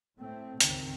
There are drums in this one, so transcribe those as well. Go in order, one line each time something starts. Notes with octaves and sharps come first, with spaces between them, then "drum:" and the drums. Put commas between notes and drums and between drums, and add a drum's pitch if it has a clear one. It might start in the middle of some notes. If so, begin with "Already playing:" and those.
A2 A3 C4
C#2 G2 D#3 C4, drum: hi-hat